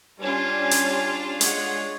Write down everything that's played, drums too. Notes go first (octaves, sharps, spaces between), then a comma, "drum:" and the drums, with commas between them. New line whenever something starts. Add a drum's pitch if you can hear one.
G3 C#4 D4 F4 G#5
drum: hi-hat
G#3 C#5 F#5, drum: hi-hat